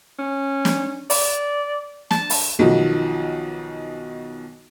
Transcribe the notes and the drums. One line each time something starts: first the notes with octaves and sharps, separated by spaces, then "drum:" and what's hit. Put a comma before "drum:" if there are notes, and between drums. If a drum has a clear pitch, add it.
C#4
drum: snare
D5, drum: open hi-hat
A5, drum: snare
drum: open hi-hat
B1 B2 D#3 F3